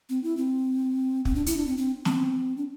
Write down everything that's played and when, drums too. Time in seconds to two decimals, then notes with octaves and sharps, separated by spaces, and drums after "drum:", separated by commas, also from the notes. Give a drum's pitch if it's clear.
0.09 C4
0.24 E4
0.37 C4
1.25 C4, drum: kick
1.35 D4
1.46 E4, drum: hi-hat
1.56 D4
1.67 C4
1.78 C4
2.05 C4, drum: snare
2.57 D4